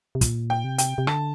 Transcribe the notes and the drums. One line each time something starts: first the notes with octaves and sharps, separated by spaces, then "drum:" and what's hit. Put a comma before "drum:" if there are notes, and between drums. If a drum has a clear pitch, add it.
C3
A#2, drum: kick, hi-hat
G5
C3
G5, drum: hi-hat
C3
D3 A5, drum: rim click